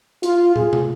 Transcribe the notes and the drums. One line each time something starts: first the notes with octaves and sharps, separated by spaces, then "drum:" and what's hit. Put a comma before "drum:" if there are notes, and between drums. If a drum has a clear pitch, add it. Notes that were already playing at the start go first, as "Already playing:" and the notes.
F4, drum: hi-hat
G#4, drum: tom
drum: tom